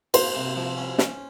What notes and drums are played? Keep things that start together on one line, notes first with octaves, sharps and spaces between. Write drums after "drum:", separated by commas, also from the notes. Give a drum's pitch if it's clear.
A#3 C5, drum: cymbal
C3
F3
C#4
C#4, drum: snare